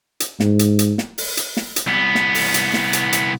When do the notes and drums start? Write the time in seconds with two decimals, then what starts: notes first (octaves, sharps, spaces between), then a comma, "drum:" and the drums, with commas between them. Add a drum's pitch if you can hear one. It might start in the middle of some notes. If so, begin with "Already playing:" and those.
0.20 drum: hi-hat
0.40 G#2, drum: snare
0.59 drum: hi-hat
0.79 drum: hi-hat
0.98 drum: snare
1.18 drum: open hi-hat
1.37 drum: hi-hat
1.57 drum: snare
1.76 drum: hi-hat
1.87 C2 B3
2.15 drum: snare
2.35 drum: open hi-hat
2.54 drum: hi-hat
2.74 drum: snare
2.93 drum: hi-hat
3.13 drum: hi-hat